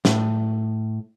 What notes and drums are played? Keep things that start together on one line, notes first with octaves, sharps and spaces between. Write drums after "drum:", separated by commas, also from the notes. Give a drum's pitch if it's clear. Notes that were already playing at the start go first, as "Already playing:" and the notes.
A2, drum: snare